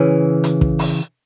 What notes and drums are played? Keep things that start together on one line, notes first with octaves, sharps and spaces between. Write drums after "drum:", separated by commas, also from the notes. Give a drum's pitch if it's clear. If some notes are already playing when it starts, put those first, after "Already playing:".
Already playing: C#3 E3
drum: hi-hat
drum: kick
drum: open hi-hat